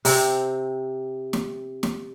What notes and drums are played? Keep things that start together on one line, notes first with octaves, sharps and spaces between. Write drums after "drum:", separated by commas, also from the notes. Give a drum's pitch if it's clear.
C3 C4, drum: open hi-hat
drum: snare
drum: snare